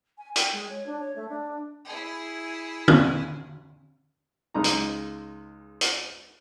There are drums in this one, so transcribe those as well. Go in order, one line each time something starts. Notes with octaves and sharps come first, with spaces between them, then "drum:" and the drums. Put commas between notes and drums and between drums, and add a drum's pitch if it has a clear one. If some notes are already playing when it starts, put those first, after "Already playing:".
G#5
G5, drum: hi-hat
G#3
C#5
D4
C#5
A3
D4
E4 G#4
drum: tom
C#2 G#3 D#4 A#5
drum: hi-hat
drum: hi-hat